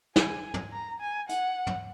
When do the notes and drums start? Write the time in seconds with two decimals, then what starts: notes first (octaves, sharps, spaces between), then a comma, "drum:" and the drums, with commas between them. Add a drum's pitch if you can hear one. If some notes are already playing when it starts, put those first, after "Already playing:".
0.16 G#5, drum: snare
0.54 drum: tom
0.73 A#5
1.00 G#5
1.29 F#5, drum: hi-hat
1.67 drum: tom